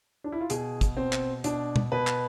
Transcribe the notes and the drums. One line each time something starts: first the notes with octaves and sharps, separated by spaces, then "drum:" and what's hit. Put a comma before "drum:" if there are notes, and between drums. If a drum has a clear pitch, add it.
D4
E4
F4
B2 G#4, drum: hi-hat
drum: kick, hi-hat
B2 C4
drum: clap
B2 D4, drum: hi-hat
drum: tom
B2 B4
drum: clap